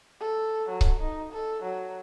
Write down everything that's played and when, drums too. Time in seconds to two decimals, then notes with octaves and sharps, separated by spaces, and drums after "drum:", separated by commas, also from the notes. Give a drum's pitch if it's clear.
0.20 A4
0.69 F#3
0.81 drum: kick C#1
1.00 D#4
1.33 A4
1.63 F#3